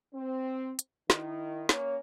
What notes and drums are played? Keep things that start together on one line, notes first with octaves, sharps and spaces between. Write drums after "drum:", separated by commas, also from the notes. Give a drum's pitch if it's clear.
C4
drum: hi-hat
D#3 E4, drum: snare
A#3 C#4 C#5, drum: snare